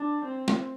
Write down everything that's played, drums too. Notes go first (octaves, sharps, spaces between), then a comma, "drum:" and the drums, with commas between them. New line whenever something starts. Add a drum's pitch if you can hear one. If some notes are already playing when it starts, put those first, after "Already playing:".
Already playing: D4
C4
drum: snare